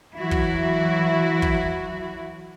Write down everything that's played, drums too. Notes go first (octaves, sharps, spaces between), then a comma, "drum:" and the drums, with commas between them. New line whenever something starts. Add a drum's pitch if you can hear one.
E3 F#3 E4 F#4
drum: kick
drum: kick